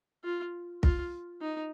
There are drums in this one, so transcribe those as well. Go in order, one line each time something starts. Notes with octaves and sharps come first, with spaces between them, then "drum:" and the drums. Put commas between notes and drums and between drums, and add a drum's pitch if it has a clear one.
F4
F4, drum: kick
D#4